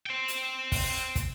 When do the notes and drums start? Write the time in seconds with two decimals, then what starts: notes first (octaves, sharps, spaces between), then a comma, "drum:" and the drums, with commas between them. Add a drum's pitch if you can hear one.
0.06 C5 G5
0.28 drum: hi-hat
0.72 drum: kick, open hi-hat
1.15 drum: kick, hi-hat